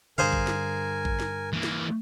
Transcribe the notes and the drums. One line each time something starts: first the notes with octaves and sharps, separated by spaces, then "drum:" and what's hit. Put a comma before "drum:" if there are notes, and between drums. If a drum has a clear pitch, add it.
G2 D3 G#4 A#4 C5 F5 G#5
drum: kick A1
drum: snare
drum: kick A1
drum: snare
E3 A#3
drum: snare